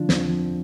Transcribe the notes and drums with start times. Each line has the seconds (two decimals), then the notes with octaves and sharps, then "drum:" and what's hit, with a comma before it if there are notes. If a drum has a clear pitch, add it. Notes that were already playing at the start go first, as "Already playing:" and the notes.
Already playing: D3 F3 D4 F4
0.09 E2 C4, drum: snare
0.24 D3
0.30 F3